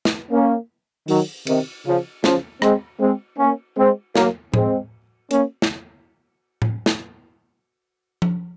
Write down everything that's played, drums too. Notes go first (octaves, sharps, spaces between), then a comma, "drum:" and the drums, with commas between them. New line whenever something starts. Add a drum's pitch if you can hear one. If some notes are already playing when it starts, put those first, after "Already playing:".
drum: snare
A#3 C#4
D#3 F#3, drum: open hi-hat
C3 D#3, drum: cymbal
C#3 F3
C#3 F3, drum: snare
G#3 C4, drum: rim click
G#3 C4
A#3 C#4
G#3 C4
F#3 A#3, drum: snare
G#3 C4, drum: tom A2
A#3 C#4, drum: hi-hat
drum: snare
drum: tom A2
drum: snare
drum: tom F3